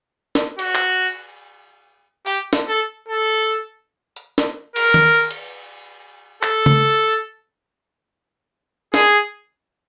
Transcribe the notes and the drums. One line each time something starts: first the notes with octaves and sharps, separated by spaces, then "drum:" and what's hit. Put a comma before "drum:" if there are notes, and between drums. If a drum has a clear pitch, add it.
drum: snare
F#4, drum: cymbal
drum: clap
G4, drum: hi-hat
drum: snare
A4
A4
drum: hi-hat
drum: snare
A#4, drum: cymbal
drum: tom D#3
drum: cymbal
A4, drum: clap
drum: tom C#3
G#4, drum: snare